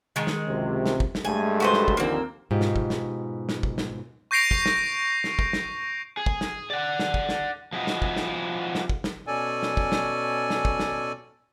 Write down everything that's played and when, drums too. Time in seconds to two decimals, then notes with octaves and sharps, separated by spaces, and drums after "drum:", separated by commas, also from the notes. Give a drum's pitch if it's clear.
0.16 D#3 G#3
0.27 drum: snare
0.47 C#2 F#2 C3
0.86 drum: snare
1.00 drum: kick
1.15 drum: snare
1.25 G2 G#3 A3 G#5
1.60 F#4 B4 C5
1.73 drum: snare
1.88 drum: kick
1.97 D#2 D3 F3 A#3 C4
2.51 G#2 B2 F4 G4
2.61 drum: snare
2.76 drum: kick
2.90 drum: snare
3.49 drum: snare
3.63 drum: kick
3.78 drum: snare
4.31 C#6 G6 A#6 C7 D7 F7
4.51 drum: kick
4.66 drum: snare
5.24 drum: snare
5.39 drum: kick
5.53 drum: snare
6.17 G#4
6.26 drum: kick
6.41 drum: snare
6.70 D5 F#5
6.99 drum: snare
7.14 drum: kick
7.29 drum: snare
7.73 F3 G#3 E4 F#4 D#5
7.87 drum: snare
8.02 drum: kick
8.16 drum: snare
8.75 drum: snare
8.89 drum: kick
9.04 drum: snare
9.27 B2 C#4 A4 D5 G#5
9.63 drum: snare
9.77 drum: kick
9.92 drum: snare
10.50 drum: snare
10.65 drum: kick
10.80 drum: snare